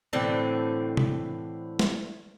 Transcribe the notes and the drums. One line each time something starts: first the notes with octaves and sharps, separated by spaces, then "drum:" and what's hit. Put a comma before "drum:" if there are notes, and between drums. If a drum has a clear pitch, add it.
A2 D3 E3 C4
drum: tom C3
drum: snare